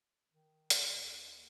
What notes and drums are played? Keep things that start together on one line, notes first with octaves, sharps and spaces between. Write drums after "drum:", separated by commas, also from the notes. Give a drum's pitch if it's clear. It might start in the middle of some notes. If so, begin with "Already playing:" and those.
D#3
drum: hi-hat
D#2